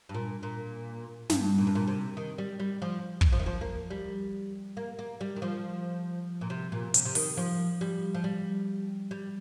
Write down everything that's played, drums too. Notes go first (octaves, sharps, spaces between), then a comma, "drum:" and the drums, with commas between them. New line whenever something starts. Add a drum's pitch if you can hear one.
G2
A#2
A#2
G2, drum: snare
A#2
G2
A#2
C3
D#3
G3
G3
F3
drum: kick
F3
D#3
F3
A#3
G3
A#3
A#3
G3
D#3
F3
A#2
C3
A#2
C3, drum: hi-hat
C3
D#3, drum: open hi-hat
F3
G3
F3
G3
G3